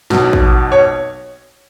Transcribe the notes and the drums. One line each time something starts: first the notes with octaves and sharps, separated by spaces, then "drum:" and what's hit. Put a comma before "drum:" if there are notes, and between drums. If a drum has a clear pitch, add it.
B1 B2, drum: snare
drum: kick A1
C#5